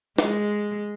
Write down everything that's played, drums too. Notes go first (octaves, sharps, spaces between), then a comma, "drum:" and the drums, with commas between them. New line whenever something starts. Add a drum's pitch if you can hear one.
G#3, drum: snare